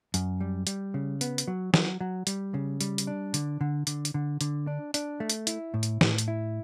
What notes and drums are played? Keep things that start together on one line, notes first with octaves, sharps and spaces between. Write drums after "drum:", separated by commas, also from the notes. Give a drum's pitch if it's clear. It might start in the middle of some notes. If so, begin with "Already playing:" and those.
F#2, drum: hi-hat
G3
G3, drum: hi-hat
C#3
B3, drum: hi-hat
drum: hi-hat
F#3
F#3, drum: snare
F#3
G3, drum: hi-hat
C#3
G3, drum: hi-hat
drum: hi-hat
D4
D3, drum: hi-hat
D3
D3, drum: hi-hat
drum: hi-hat
D3
D3, drum: hi-hat
D4
D4, drum: hi-hat
A3
drum: hi-hat
E4, drum: hi-hat
A2
drum: hi-hat
A2, drum: snare
drum: hi-hat
E4